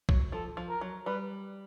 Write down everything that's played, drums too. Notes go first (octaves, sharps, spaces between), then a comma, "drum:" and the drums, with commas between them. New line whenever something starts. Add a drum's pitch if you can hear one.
F#3, drum: kick A#1
F3 A4
F3
A#4
F#3
G3 B4